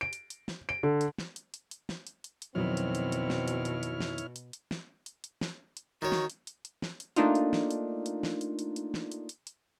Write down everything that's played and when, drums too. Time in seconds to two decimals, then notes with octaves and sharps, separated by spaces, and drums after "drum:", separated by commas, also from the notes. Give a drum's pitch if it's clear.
0.01 D7
0.13 drum: hi-hat
0.30 drum: hi-hat
0.48 drum: snare
0.69 D7
0.83 D3
1.01 drum: hi-hat
1.18 drum: snare
1.36 drum: hi-hat
1.54 drum: hi-hat
1.71 drum: hi-hat
1.89 drum: snare
2.07 drum: hi-hat
2.24 drum: hi-hat
2.42 drum: hi-hat
2.55 F2 B2 D#3 F#3 C4 E4 C#5 F6
2.77 drum: hi-hat
2.95 drum: hi-hat
3.12 drum: hi-hat
3.30 drum: snare
3.48 drum: hi-hat
3.65 drum: hi-hat
3.83 drum: hi-hat
4.00 drum: snare
4.18 drum: hi-hat
4.36 drum: hi-hat
4.53 drum: hi-hat
4.71 drum: snare
5.06 drum: hi-hat
5.24 drum: hi-hat
5.41 drum: snare
5.77 drum: hi-hat
6.02 D#3 F#4 C#5
6.12 drum: snare
6.30 drum: hi-hat
6.47 drum: hi-hat
6.65 drum: hi-hat
6.82 drum: snare
7.00 drum: hi-hat
7.16 A3 A#3 D4 D#4 F4, drum: hi-hat
7.35 drum: hi-hat
7.53 drum: snare
7.71 drum: hi-hat
8.06 drum: hi-hat
8.23 drum: snare
8.41 drum: hi-hat
8.59 drum: hi-hat
8.76 drum: hi-hat
8.94 drum: snare
9.12 drum: hi-hat
9.29 drum: hi-hat
9.47 drum: hi-hat